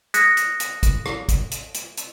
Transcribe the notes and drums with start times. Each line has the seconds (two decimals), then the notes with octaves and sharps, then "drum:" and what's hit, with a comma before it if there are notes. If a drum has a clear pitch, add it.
0.14 D#6 F#6 G#6 A#6 B6 C#7, drum: hi-hat
0.37 drum: hi-hat
0.60 drum: hi-hat
0.83 drum: kick, hi-hat
1.06 drum: rim click
1.29 drum: kick, hi-hat
1.51 drum: hi-hat
1.74 drum: hi-hat
1.97 drum: hi-hat